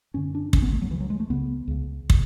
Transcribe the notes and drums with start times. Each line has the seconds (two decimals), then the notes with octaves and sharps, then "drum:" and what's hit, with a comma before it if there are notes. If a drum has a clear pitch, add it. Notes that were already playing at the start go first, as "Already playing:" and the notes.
0.14 F#2 D3 C#4
0.35 D4
0.53 F#2 D3 C#4, drum: kick
0.62 B3
0.73 A3
0.82 F#3
0.91 C#2 C#3 E3
1.00 F#3
1.10 G#3
1.20 A3
1.30 C#2 C#3 B3
1.68 C#2 C#3
2.10 C#3, drum: kick